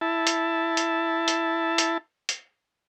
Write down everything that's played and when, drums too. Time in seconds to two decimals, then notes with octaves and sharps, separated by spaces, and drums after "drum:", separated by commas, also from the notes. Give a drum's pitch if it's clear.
0.01 E4 A5
0.27 drum: hi-hat
0.77 drum: hi-hat
1.28 drum: hi-hat
1.78 drum: hi-hat
2.29 drum: hi-hat